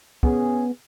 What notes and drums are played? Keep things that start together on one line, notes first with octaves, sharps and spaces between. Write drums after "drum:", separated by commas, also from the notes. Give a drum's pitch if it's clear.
B3 C#4 G#4, drum: kick